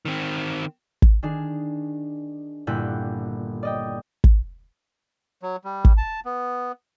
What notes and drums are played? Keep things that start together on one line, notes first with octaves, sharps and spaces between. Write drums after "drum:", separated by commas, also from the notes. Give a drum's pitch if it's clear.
D#3 C4
drum: kick
D#3 D4 G#4
G1 A#2 E4 G4 F#6 G6
D5 D#5 G5
drum: kick
F#3
G3
drum: kick
A5
B3